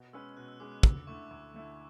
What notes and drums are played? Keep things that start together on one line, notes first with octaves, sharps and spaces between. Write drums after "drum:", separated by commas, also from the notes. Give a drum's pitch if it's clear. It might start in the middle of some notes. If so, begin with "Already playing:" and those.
Already playing: B2
G#3 C#4 G#4 B4 E6
B2 F#6
E6
G#3 C#4 G#4 B4 D6
F#6
D2 E6, drum: kick
D3 A3 E4 C#6
D2
D3 A3 E4